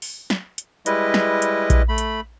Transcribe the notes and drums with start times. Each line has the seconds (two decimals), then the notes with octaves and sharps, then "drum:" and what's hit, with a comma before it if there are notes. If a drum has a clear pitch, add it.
0.02 drum: open hi-hat
0.30 drum: snare
0.58 drum: hi-hat
0.86 G3 G#3 E4 B4 D#5, drum: hi-hat
1.14 drum: snare
1.42 drum: hi-hat
1.70 drum: kick A#1, hi-hat
1.89 A3 B5
1.98 drum: hi-hat